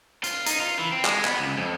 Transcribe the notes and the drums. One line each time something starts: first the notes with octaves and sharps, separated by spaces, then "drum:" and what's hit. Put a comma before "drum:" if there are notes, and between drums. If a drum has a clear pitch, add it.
F4, drum: hi-hat
D#4, drum: hi-hat
F4
E3
C4
G#3, drum: clap
B3, drum: clap
C#2
F2